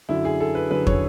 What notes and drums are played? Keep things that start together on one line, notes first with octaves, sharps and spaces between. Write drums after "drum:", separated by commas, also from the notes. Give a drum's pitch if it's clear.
F#2 D3 F#3 E4
G#4
A4
B4
F#2 D3 F#3 B4
C#5, drum: kick